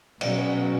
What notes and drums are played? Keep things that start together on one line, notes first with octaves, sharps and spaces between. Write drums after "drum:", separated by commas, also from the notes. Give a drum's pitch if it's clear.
B2 F#3 C#4, drum: cymbal